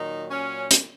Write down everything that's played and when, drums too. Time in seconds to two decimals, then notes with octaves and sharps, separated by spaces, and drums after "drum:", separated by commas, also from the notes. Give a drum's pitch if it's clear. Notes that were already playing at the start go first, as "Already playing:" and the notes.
Already playing: A#2 D#3 F#3 D#4
0.31 C#4
0.71 drum: hi-hat